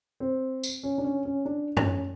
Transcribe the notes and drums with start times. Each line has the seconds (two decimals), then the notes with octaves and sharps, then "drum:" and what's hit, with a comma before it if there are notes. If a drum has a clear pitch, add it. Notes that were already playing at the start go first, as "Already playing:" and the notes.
0.20 C4
0.63 drum: tambourine
0.83 C#4
0.98 D4
1.04 C#4
1.25 C#4
1.45 D4
1.77 C#4, drum: tom F#2